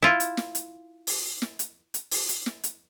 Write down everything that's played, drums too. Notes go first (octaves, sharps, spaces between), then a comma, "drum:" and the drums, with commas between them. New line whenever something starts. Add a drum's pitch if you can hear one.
E4 F4
drum: hi-hat
drum: snare
drum: hi-hat
drum: open hi-hat
drum: snare
drum: hi-hat
drum: hi-hat
drum: open hi-hat
drum: hi-hat
drum: snare
drum: hi-hat